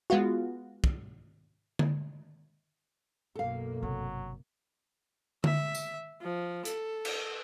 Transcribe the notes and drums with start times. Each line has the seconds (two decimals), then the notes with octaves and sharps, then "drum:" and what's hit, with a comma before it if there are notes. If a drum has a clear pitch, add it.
0.10 G#3 B3 F4 F#4
0.84 drum: kick
1.79 drum: tom D3
3.35 B1 F#2 A#3 A4 F5
3.82 G1 C3 F#3
5.44 E5, drum: tom D3
5.75 drum: tambourine
6.22 F3
6.65 A4, drum: hi-hat
7.05 drum: cymbal